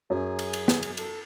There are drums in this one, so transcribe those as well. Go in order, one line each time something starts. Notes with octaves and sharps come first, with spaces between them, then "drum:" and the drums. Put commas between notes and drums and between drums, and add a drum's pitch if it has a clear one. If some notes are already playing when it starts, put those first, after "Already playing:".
F#2 F#3 G#4
drum: cymbal
drum: cymbal
drum: snare
drum: cymbal
A4, drum: cymbal